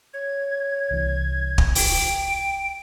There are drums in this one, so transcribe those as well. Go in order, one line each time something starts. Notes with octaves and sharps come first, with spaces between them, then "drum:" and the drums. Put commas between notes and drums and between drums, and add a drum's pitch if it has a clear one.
C#5 G#6
C2 C3 E3
drum: kick
G5 D7, drum: open hi-hat